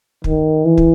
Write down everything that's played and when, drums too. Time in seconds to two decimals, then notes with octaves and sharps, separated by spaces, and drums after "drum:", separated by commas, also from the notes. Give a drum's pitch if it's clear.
0.24 D#3, drum: kick
0.65 E3
0.78 drum: kick